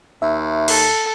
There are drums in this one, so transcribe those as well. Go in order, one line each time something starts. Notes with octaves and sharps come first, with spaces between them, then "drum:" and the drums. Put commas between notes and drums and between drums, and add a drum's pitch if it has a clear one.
D#2 E5
A4, drum: cymbal